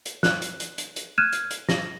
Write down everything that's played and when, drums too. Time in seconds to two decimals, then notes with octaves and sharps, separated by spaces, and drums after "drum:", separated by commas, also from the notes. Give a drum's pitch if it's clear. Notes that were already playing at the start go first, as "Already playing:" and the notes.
0.05 drum: hi-hat
0.23 F#6, drum: snare
0.42 drum: hi-hat
0.60 drum: hi-hat
0.78 drum: hi-hat
0.96 drum: hi-hat
1.18 F6 F#6 G#6 D#7 E7
1.32 drum: hi-hat
1.50 drum: hi-hat
1.69 A#6, drum: snare